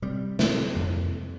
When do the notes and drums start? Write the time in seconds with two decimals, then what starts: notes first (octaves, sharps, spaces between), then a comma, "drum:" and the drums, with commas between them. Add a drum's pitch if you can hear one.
0.02 C3 G3
0.39 C3 A#3, drum: snare
0.75 F2 A#3